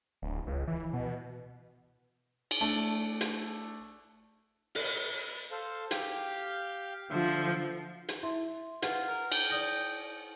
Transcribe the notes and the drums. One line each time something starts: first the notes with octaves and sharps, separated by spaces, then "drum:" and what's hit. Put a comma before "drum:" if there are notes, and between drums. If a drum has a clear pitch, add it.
D1
C#2
E3
B2
drum: cymbal
A3 D4
drum: hi-hat
drum: open hi-hat
A4 C5 F5
G4 F5 G5, drum: hi-hat
D3 F3 C5 E5
drum: hi-hat
E4 E5 C6
F4 B4 F#5, drum: hi-hat
A#4
G5, drum: cymbal
D5 D#6 A#6